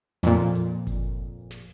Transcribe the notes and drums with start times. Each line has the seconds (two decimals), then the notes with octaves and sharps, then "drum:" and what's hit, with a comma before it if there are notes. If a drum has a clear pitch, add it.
0.23 F2 A#2, drum: snare
0.55 drum: hi-hat
0.87 drum: kick G1, hi-hat
1.51 drum: snare